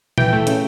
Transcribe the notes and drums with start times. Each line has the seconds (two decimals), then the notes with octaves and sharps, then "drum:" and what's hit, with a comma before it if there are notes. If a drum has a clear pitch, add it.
0.18 E3 G5, drum: tom A#2
0.33 A3
0.47 C#3, drum: hi-hat